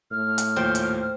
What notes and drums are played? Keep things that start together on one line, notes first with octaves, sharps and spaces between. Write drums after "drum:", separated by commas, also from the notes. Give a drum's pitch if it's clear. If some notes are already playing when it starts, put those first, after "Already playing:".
A2 F6
drum: hi-hat
D#2 A#2 F3 C5 G5
drum: hi-hat